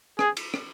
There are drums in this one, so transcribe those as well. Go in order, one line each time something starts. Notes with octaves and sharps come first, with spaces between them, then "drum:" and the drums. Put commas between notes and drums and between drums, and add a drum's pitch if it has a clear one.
G#4, drum: rim click
drum: cymbal
drum: rim click